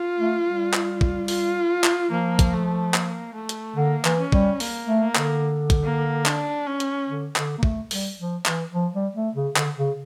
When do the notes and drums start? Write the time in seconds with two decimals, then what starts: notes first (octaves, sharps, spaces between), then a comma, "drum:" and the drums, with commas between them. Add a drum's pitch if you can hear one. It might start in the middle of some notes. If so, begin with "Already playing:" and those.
Already playing: F4
0.18 A3
0.46 G3
0.73 drum: clap
1.01 drum: kick
1.28 F4, drum: open hi-hat
1.84 drum: clap
2.11 F3 A#3
2.39 drum: kick, hi-hat
2.53 A3
2.94 A#3, drum: clap
3.35 A3
3.49 drum: hi-hat
3.76 D3 A#3
4.05 E3, drum: clap
4.18 C#4
4.32 G3, drum: kick
4.60 A#3, drum: open hi-hat
4.87 A3
5.00 A#3
5.15 D3, drum: clap
5.70 drum: kick, hi-hat
5.84 A#3
6.26 D4, drum: clap
6.67 C#4
6.80 drum: hi-hat
7.08 D3
7.36 D3, drum: clap
7.58 A#3
7.63 A3, drum: kick
7.91 G3, drum: open hi-hat
8.18 F3
8.46 E3, drum: clap
8.73 F3
8.94 G3
9.15 A3
9.35 C#3
9.56 D3, drum: clap
9.77 C#3